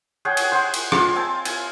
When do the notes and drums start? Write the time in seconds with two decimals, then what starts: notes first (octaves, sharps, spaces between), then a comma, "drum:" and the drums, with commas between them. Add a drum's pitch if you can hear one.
0.25 G#4 C#5 F#5 G5
0.37 drum: cymbal
0.52 C5 F#5 G#5
0.74 drum: cymbal
0.92 F4, drum: rim click
1.16 C4 G#5 A5
1.45 G#5, drum: cymbal